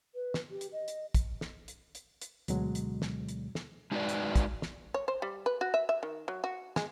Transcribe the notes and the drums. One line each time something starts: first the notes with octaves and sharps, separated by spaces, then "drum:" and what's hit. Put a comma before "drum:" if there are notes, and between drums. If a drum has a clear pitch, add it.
B4
drum: snare
G4
drum: hi-hat
D#5
drum: hi-hat
drum: kick, hi-hat
drum: snare
drum: hi-hat
drum: hi-hat
drum: hi-hat
D2 B2 D3 F#3 G#3, drum: hi-hat
drum: hi-hat
drum: snare
drum: hi-hat
drum: snare
G#3 D#4 F#4 G#4 B4 D5
drum: hi-hat
drum: kick, hi-hat
drum: snare
C#5
C5
G3
B4
F#4
E5
E5
D#3
F#3
F#4
G#3, drum: snare